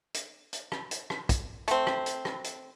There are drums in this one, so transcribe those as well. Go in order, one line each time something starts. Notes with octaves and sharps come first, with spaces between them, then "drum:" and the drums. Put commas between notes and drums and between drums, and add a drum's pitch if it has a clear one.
drum: hi-hat
drum: hi-hat
drum: rim click
drum: hi-hat
drum: rim click
drum: kick, hi-hat
A3 C4, drum: hi-hat
drum: rim click
drum: hi-hat
drum: rim click
drum: hi-hat